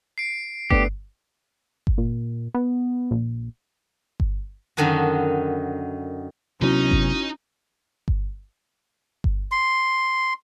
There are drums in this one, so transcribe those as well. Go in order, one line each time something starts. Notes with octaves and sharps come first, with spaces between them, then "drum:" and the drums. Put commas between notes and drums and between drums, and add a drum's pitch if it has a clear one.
C7 D7
A3 B3 D4 G4, drum: kick G1
drum: kick G1
A#2
B3
A#1
drum: kick G1
F#2 D3 D#3 D#4 F#4
C3 F#3 B3 C#4 D#4 E4 F#4
drum: kick G1
drum: kick G1
drum: kick G1
C6